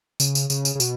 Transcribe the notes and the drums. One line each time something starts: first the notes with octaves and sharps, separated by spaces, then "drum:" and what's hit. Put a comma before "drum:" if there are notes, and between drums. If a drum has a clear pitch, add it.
C#3, drum: tambourine
drum: tambourine
C#3, drum: tambourine
drum: tambourine
C#3
B2, drum: tambourine